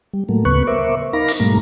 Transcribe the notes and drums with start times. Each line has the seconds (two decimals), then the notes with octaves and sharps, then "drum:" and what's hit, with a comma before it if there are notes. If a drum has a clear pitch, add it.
0.13 G3
0.29 A2 F#3 A3 A#3
0.45 D2 C#3 B3 B4 C#6 F#6
0.67 A#4 C5 E5 C#6 D6
1.13 D#4 A#4 F5 B5 D6 A#6
1.29 drum: open hi-hat
1.40 G#2 B2 G3 A3 A#3 A#5